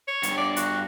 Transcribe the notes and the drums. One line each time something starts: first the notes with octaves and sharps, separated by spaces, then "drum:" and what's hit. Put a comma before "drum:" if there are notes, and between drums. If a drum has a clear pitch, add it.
C#5
G2 B3, drum: hi-hat
D5
F#4, drum: hi-hat